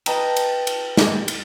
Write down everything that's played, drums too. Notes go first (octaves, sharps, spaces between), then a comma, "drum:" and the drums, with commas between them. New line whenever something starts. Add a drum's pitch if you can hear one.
B4 D#5 G5 A5 A#5, drum: cymbal
drum: cymbal
drum: cymbal
drum: snare
drum: cymbal